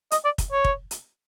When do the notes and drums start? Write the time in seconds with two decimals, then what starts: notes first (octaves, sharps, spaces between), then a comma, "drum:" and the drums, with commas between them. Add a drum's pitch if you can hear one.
0.11 D#5, drum: hi-hat
0.25 D5
0.38 drum: kick, hi-hat
0.52 C#5
0.65 drum: kick
0.91 drum: hi-hat